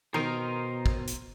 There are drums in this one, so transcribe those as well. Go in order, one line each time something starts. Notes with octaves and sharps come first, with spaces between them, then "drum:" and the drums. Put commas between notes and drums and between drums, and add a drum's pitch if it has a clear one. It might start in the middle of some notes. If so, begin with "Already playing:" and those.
B2 D#3 A#4 C5 D#5
drum: kick
drum: hi-hat